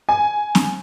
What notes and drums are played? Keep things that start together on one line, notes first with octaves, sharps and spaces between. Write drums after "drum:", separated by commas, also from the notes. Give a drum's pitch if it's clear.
G#5
drum: snare C4